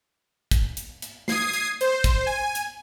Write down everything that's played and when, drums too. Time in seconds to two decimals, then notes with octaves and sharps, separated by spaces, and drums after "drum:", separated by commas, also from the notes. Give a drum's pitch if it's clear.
0.51 drum: kick, hi-hat
0.77 drum: hi-hat
1.02 drum: hi-hat
1.28 D#6 G#6 C7, drum: snare
1.53 drum: hi-hat
1.81 C5, drum: hi-hat
2.04 drum: kick, hi-hat
2.26 G#5
2.55 drum: hi-hat